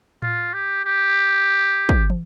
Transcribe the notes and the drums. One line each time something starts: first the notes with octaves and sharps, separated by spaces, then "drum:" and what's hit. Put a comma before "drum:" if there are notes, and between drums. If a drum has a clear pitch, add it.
F4, drum: tom A2
G4
G4
drum: kick
drum: tom